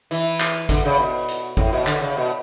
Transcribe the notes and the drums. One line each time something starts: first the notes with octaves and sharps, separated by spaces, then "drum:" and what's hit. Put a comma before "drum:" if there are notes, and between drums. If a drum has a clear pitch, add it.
E3, drum: hi-hat
drum: clap
D3, drum: kick G#1, hi-hat
C#3
B2
drum: hi-hat
A2, drum: kick G#1
B2
D3, drum: clap
C#3
B2